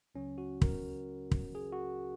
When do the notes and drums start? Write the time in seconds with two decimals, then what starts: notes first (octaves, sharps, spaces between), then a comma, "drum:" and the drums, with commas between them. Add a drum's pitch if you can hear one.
0.15 C#2 C#3 F#3 C#4
0.38 F#4
0.62 A#4, drum: kick
1.31 drum: kick
1.55 G#4
1.72 F#4